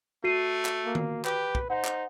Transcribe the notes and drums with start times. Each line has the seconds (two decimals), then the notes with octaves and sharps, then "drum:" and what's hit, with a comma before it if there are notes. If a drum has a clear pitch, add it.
0.24 A3 F#4 C7 D#7
0.65 drum: clap
0.86 A#3
0.95 drum: tom D#3
1.25 G4 B4, drum: clap
1.55 drum: kick
1.70 D#4 C5 F#5
1.85 drum: clap